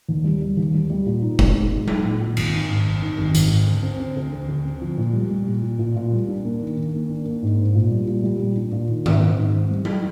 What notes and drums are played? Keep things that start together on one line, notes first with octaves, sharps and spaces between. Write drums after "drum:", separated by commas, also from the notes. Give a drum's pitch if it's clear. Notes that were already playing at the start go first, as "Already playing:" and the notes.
D#2
G3
G3
D#2
G3
G3
A#2
D#4
G#3, drum: kick F#1
D#4
G#3
D#4, drum: tom F#3
A#2
A#2
G#1, drum: cymbal
D#3
G#2
G#1
D#3
G#1
G#1, drum: hi-hat
G#2
D2
C4
C4
D2
D2
D2
C4
F3
A#2
G3
G3
A#2
A#2
A#2
A#2
G3
D4
A#3
D#3
D#3
A#3
D4
A#3
G#2
D4
A#2
G3
A#2
G3
A#2
D4
A#2
D#3
G#2, drum: tom D#3
C4
G#2
C4
G3
drum: tom F#3